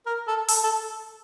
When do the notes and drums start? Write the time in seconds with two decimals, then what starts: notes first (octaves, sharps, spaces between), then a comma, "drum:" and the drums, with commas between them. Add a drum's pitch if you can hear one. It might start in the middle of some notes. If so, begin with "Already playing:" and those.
0.06 A#4
0.28 A4
0.49 A4, drum: open hi-hat
0.64 A4